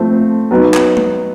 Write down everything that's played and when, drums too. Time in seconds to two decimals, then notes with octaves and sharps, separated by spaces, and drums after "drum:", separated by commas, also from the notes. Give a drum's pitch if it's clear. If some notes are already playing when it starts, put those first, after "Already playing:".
Already playing: F3 A3 C4
0.51 F#3 B3 D#4
0.74 drum: clap
0.97 drum: tom G#3